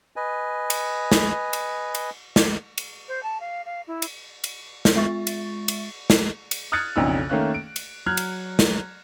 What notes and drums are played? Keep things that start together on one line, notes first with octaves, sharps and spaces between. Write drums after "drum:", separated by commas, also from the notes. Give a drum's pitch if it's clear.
B4 D#5 G#5
drum: cymbal
drum: snare
drum: cymbal
drum: cymbal
drum: snare
drum: cymbal
C5
A5
F5
F5
E4
drum: cymbal
drum: cymbal
drum: snare
G#3 F4 E5 C#6 A6
drum: cymbal
drum: cymbal
drum: snare
drum: cymbal
D#6 F6 F#6 G#6 A6 C#7
B1 F2 C#3 D4 D#4 E6
D#3 A3 A#3 C#4 F5 F#6
D7
drum: cymbal
F#3 F6 F#6 G#6
drum: cymbal
drum: snare